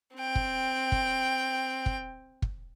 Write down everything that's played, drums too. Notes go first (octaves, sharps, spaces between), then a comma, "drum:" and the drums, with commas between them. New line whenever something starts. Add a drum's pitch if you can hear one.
C4 G5
drum: kick
drum: kick
drum: kick
drum: kick